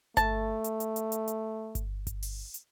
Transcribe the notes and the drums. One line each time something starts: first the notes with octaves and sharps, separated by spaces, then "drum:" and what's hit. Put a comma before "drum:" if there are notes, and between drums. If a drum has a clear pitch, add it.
A3 A5, drum: kick G1, hi-hat
drum: hi-hat
drum: hi-hat
drum: hi-hat
drum: hi-hat
drum: hi-hat
drum: kick G1, hi-hat
drum: kick G1, hi-hat
drum: open hi-hat
drum: hi-hat